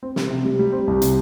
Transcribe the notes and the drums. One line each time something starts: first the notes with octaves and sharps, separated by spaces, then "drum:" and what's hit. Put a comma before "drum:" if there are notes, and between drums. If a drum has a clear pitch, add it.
C4
C3, drum: snare
C3
G3
G3
C4
C2
C3, drum: hi-hat